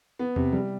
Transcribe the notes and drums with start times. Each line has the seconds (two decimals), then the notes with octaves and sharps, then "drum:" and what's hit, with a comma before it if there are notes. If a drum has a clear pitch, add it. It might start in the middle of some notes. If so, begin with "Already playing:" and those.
0.19 B3
0.36 C3, drum: tom E2
0.53 G3